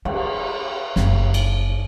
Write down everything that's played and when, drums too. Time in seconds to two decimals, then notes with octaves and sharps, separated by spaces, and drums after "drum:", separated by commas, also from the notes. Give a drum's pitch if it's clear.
0.05 C#4, drum: cymbal
0.96 F#1, drum: snare
1.34 drum: cymbal